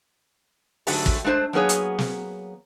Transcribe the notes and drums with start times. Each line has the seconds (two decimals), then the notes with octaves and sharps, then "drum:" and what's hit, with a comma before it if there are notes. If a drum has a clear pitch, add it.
0.87 G#2 D3 F#3 A3 G4 A4, drum: open hi-hat
1.06 drum: kick
1.24 G#3 A3 D4 B4 C5
1.53 F#3 A#3 B3 G#4 C#5
1.69 drum: hi-hat
1.99 drum: snare